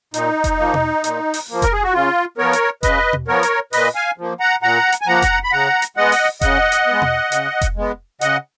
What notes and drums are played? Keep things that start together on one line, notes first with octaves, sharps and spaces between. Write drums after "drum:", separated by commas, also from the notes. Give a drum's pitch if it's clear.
A#2 D#4, drum: hi-hat
drum: kick F1, hi-hat
F3 A#3
drum: tom B2
A#2, drum: hi-hat
drum: open hi-hat
F3 A#3
A#4, drum: kick F1, hi-hat
G#4
F#4
C#3 F4
F3 B3 A#4 C#5
drum: hi-hat
C#3 B4 D#5, drum: kick F1, hi-hat
drum: tom B2
F3 B3 A#4 C#5
drum: hi-hat
A#2 B4 D#5, drum: open hi-hat
F5 G#5
F3 A#3
F#5 A#5
A#2 F#5 A#5
drum: hi-hat
G#5
F3 A#3 F#5 A#5
drum: kick F1, hi-hat
B5
C#3 F#5 A#5
drum: hi-hat
G#3 B3 D#5 F#5
drum: open hi-hat
C#3 D#5 F#5, drum: kick F1, hi-hat
drum: hi-hat
G#3 B3
drum: tom B2
C#3, drum: hi-hat
drum: kick F1, hi-hat
G#3 B3
C#3 D#5 F#5, drum: hi-hat